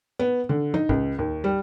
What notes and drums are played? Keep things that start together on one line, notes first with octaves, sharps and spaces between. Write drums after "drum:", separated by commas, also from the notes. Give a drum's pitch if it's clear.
B3
D3
D#4, drum: tom
C#2, drum: kick
D#2
G3